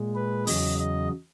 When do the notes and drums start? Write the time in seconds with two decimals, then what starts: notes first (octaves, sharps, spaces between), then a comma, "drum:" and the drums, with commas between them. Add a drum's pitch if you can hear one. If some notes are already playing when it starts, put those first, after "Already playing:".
Already playing: A#2 G#3
0.15 B4
0.47 E2 C#3 F#3 D#5, drum: open hi-hat
0.79 D#5